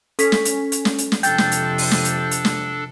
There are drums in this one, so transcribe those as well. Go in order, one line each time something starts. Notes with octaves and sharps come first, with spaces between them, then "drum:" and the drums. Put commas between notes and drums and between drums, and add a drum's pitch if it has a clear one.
C#4 A4 B6, drum: hi-hat
drum: snare
drum: hi-hat
drum: hi-hat
drum: snare
drum: hi-hat
drum: snare
F2 C3 D4 A4 G5 G6 A6, drum: hi-hat
drum: snare
drum: hi-hat
drum: open hi-hat
drum: snare
drum: hi-hat
drum: hi-hat
drum: snare